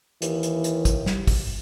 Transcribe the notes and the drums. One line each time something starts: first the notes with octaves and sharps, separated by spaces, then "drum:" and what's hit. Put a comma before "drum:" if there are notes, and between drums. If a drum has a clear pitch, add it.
D#2 E3, drum: hi-hat
drum: hi-hat
drum: hi-hat
drum: kick, hi-hat
drum: snare
drum: kick, open hi-hat